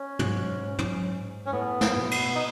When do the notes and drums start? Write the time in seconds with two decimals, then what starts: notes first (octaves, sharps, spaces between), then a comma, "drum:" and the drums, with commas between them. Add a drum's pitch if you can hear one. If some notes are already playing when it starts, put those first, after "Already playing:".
Already playing: C#4
0.19 G#2, drum: tom
0.79 drum: tom
1.46 C#4
1.52 A2 B3
1.81 drum: snare
1.97 B2
2.11 drum: cymbal
2.36 D#4